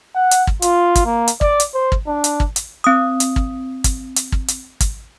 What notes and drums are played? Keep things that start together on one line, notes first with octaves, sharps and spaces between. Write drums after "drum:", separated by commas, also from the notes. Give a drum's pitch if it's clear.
F#5
drum: hi-hat
drum: kick
F4, drum: hi-hat
drum: kick, hi-hat
A#3
drum: hi-hat
D5, drum: kick
drum: hi-hat
C5
drum: kick
D4
drum: hi-hat
drum: kick
drum: hi-hat
C4 D#6
drum: hi-hat
drum: kick
drum: kick, hi-hat
drum: hi-hat
drum: kick
drum: hi-hat
drum: kick, hi-hat